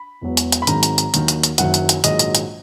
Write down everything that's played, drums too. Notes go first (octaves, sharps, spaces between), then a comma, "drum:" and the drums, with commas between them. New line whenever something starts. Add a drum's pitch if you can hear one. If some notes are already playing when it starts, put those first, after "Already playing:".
Already playing: B5
E1 E2 B2 F#3
drum: hi-hat
drum: hi-hat
B5
G#1 G#2 D#3 F#3 A#5, drum: hi-hat
drum: hi-hat
drum: hi-hat
D#2 D#3 F#3, drum: hi-hat
drum: hi-hat
drum: hi-hat
F#1 F#2 D#3 F#3 F#5, drum: hi-hat
drum: hi-hat
drum: hi-hat
A#1 G#2 D#3 F#3 D#5, drum: hi-hat
drum: hi-hat
drum: hi-hat